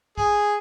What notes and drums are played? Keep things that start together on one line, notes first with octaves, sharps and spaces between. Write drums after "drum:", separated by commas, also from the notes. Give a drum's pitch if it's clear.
G#4, drum: kick